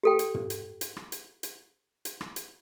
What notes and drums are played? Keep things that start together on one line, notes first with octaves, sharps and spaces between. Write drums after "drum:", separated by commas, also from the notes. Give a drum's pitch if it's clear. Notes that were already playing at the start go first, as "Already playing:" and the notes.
G4 A4 G5
drum: hi-hat
drum: tom
drum: hi-hat
drum: hi-hat
drum: rim click
drum: hi-hat
drum: hi-hat
drum: hi-hat
drum: rim click
drum: hi-hat